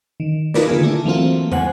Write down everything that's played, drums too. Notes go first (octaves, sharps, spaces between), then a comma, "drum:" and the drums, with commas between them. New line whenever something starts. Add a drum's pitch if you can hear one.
D#3
D#4 F4 A#4 B4 D5, drum: snare
D3 D#3 A#3 F4 G#4
A3 D4 E4
E3 F#3 A3 A#3 C4 F4
C5 F#5 G#5, drum: tom